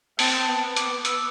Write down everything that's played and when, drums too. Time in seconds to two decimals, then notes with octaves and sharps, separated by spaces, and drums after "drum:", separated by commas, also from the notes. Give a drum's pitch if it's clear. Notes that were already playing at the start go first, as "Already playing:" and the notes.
0.19 C4 A5, drum: open hi-hat
0.48 B3
0.76 D6, drum: hi-hat
1.05 E6, drum: hi-hat